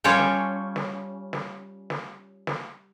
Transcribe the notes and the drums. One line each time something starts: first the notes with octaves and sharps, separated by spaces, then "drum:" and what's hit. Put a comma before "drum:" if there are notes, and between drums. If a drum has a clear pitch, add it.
G3 C#4 F4 A4 C#5 G5
drum: snare
drum: snare
drum: snare
drum: snare
drum: snare